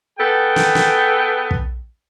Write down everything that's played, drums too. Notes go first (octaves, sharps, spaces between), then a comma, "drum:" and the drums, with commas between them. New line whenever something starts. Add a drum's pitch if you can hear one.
B3 G#4 A4 G5
drum: snare
drum: snare
drum: kick